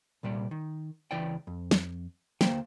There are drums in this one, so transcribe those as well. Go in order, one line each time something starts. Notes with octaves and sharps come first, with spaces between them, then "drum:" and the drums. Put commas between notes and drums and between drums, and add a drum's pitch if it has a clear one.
C2 A#2 G3 D5
D#3
C#2 E3 E4 D5 G5
F2
drum: snare
D2 C#3 A#3 C5 G5, drum: snare